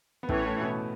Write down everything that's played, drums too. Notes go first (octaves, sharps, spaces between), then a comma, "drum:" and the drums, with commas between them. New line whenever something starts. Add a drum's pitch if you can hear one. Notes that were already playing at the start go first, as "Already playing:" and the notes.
B3
A2 E3 A3 C#4 E4 C#5, drum: kick
A2 A3
B2 B3